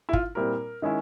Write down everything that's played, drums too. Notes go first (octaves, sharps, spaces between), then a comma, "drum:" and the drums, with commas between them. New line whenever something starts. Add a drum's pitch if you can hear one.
E4
F4, drum: kick
A#2 G3 C4 E4 A#4
D#3 G#3 C#4 E4